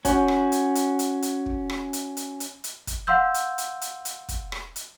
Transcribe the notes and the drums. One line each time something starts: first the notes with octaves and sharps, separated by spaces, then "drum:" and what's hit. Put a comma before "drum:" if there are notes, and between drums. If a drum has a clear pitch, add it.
C#4 F#4, drum: kick, hi-hat
drum: rim click
drum: hi-hat
drum: hi-hat
drum: hi-hat
drum: hi-hat
drum: kick
drum: rim click
drum: hi-hat
drum: hi-hat
drum: hi-hat
drum: hi-hat
drum: kick, hi-hat
F5 F#5 C6 E6 G6
drum: hi-hat
drum: hi-hat
drum: hi-hat
drum: hi-hat
drum: kick, hi-hat
drum: rim click
drum: hi-hat